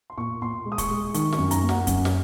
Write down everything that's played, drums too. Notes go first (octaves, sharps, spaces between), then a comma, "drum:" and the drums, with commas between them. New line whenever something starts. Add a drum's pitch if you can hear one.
C6
A#2 C#6
A#2 C6
G#3
D#6
C#6, drum: kick, hi-hat
G#3
D#3 C#6, drum: hi-hat
C#6, drum: snare
F#2
A#5, drum: hi-hat
A#3
F#5, drum: snare
F#2, drum: kick, hi-hat
drum: snare